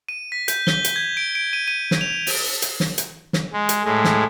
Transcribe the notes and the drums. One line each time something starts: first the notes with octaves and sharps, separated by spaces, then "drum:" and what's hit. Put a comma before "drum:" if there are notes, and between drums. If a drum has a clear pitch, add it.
D#7
B6
G6, drum: hi-hat
G7, drum: snare
drum: hi-hat
G#6
D7
D7
D#7
D#7
drum: snare
F7
drum: open hi-hat
drum: hi-hat
drum: snare
drum: hi-hat
drum: snare
G#3
drum: hi-hat
A2 G#3
drum: snare